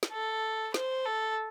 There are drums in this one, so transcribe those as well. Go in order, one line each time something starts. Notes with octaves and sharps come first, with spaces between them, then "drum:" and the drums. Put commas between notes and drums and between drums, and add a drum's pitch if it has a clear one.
drum: snare
A4
C5, drum: snare
A4